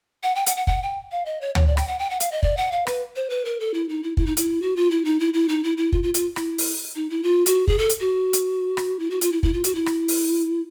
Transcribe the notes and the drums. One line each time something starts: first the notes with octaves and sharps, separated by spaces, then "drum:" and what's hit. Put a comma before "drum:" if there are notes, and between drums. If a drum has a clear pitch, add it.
F#5
G5
F#5, drum: hi-hat
F#5
F#5, drum: kick
G5
F5
D#5
C#5
C#5, drum: tom D2
D5
G5, drum: rim click
F#5
G5
F#5
F5, drum: hi-hat
D#5
D5, drum: kick
F#5
F5
B4, drum: rim click
C5
B4
A#4
A4
E4
D#4
E4
E4, drum: kick
D#4
E4, drum: hi-hat
F#4
F4
E4
D#4
E4
E4
D#4
E4
E4
F4, drum: kick
F4
F4, drum: hi-hat
E4, drum: rim click
drum: open hi-hat
D#4
E4
F4
F#4, drum: hi-hat
G#4, drum: kick
A4
drum: hi-hat
F#4
drum: hi-hat
drum: rim click
E4
F#4
F4, drum: hi-hat
E4
E4, drum: kick
F4
F#4, drum: hi-hat
E4
drum: rim click
drum: open hi-hat